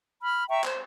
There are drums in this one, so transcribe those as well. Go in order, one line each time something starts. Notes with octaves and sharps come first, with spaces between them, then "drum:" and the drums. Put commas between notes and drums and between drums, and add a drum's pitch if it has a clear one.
B5 F6
E5 G5 A#5 C#6
C5, drum: clap